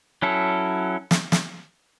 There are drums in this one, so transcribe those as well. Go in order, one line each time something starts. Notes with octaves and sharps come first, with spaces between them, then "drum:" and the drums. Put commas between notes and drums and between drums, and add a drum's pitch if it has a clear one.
F#3 C#4 E4 A4
drum: snare
drum: snare